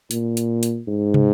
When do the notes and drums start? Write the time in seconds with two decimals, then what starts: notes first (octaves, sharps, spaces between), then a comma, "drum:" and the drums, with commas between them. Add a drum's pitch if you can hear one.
0.11 A#2, drum: hi-hat
0.37 drum: hi-hat
0.63 drum: hi-hat
0.88 G#2
1.14 drum: tom